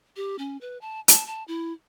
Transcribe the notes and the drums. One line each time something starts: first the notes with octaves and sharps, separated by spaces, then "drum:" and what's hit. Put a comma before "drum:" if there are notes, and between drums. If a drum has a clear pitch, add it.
G4
C#4
B4
A5
A5, drum: hi-hat
A5
E4